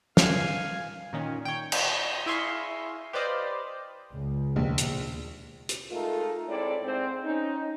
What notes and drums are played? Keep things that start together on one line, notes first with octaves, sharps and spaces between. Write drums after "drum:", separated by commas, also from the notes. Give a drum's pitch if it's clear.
F5 G#5, drum: snare
A#2 D#3 C#4
C#5 G5
drum: cymbal
E4 G#4 E5 F5 C6 C#6
G4 B4 C5 D5 D#5 F5
C#2
A#1 D#2 B2
drum: hi-hat
drum: hi-hat
G#3 A3 D#4 F4 A4 A#4
A2 G#3 C4 E4 D5
G#2 C4 C5
C#4 D#4